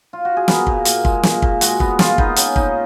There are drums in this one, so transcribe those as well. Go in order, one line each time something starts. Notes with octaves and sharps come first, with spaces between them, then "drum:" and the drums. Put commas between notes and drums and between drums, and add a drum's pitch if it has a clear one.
F4
F#4
G#4
B3 A#4, drum: snare
A#2, drum: kick
A#2, drum: hi-hat
G#3, drum: kick
A#2, drum: snare
A#2, drum: kick
G#3 F#4, drum: hi-hat
B3, drum: kick
A#2 F4, drum: snare
B3 D#4, drum: kick
B3 C#4, drum: hi-hat
A#2 D#4, drum: kick